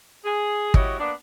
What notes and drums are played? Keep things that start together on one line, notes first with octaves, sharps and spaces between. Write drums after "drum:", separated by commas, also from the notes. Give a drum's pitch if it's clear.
G#4
G3 E4 F#4 C#5 D#5, drum: kick
A#3 B3 D4